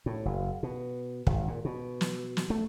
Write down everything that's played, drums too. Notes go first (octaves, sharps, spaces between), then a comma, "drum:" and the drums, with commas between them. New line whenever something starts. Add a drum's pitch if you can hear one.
A2
F#1
B2
G#1, drum: kick
A#2
B2
drum: snare
drum: snare
A3